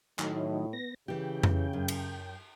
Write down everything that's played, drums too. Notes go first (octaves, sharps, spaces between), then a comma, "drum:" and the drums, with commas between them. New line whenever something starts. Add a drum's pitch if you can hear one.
A2 D#3 F#3 D#4, drum: clap
B3 A#6
C#3 E3 G4 G5
drum: tom F2
F#2
drum: cymbal